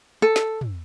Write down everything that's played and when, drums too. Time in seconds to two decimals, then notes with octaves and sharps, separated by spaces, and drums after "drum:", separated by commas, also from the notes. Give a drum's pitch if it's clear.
0.22 A4
0.36 drum: snare
0.61 drum: tom